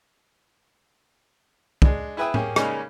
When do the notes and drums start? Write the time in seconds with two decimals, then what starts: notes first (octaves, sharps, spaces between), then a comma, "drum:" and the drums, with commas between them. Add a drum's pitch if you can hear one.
1.82 G#3 D4, drum: kick
2.17 E4 G#4 B4 E5 G5 D#6
2.34 A#3 C#4 G4 G#4, drum: tom A2
2.56 C#3 G3 G#3 A#3 C#4 D#4, drum: rim click